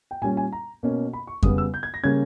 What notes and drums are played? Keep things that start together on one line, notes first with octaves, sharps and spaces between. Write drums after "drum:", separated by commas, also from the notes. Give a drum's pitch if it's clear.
G5
A#2 G3 C#4 G#5
G#5
A#5
B2 A#3 C#4
B5
C#6
C#3 G3 B3 D#6, drum: kick F2
E6
G6
G#6
A#6
C#3 G3 A#3 C#4 G#6